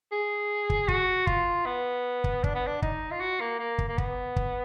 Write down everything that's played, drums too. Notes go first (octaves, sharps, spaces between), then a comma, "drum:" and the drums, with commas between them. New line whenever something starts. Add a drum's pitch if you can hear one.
G#4
drum: kick
F#4, drum: kick
F4, drum: kick
B3
drum: kick
D4, drum: kick
B3
D4
D#4, drum: kick
F4
F#4
A#3
A#3
drum: kick
A#3
B3, drum: kick
drum: kick